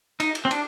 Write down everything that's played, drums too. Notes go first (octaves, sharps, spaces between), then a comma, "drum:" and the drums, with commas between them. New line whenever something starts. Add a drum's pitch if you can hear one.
D#4, drum: cymbal
drum: cymbal
C4
D4, drum: cymbal